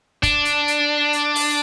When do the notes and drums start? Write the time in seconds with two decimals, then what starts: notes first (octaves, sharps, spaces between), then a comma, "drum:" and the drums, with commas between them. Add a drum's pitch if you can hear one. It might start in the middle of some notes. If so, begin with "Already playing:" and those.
0.23 D4, drum: kick, hi-hat
0.45 drum: hi-hat
0.68 drum: hi-hat
1.13 drum: hi-hat
1.36 drum: open hi-hat